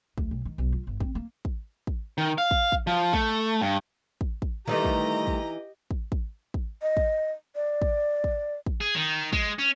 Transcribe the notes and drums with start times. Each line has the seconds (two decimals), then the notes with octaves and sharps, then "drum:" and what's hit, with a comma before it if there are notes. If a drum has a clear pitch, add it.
0.18 D2, drum: kick
0.31 B1
0.45 D#3
0.58 B1
0.73 F4
0.87 G1
1.00 C4, drum: kick
1.15 A#3
1.45 drum: kick
1.87 drum: kick
2.18 D#3
2.38 F5
2.51 drum: kick
2.72 drum: kick
2.87 F3
3.13 A3, drum: kick
3.62 G2
4.21 drum: kick
4.42 drum: kick
4.67 D#3 E3 G3 A3 D#4 G4 D#5 A#5
4.84 drum: kick
5.27 drum: kick
5.91 drum: kick
6.12 drum: kick
6.54 drum: kick
6.82 D#5
6.97 drum: kick
7.56 D5
7.82 drum: kick
8.24 drum: kick
8.66 drum: kick
8.81 G#4
8.95 D#3
9.33 G#3, drum: kick
9.59 C#4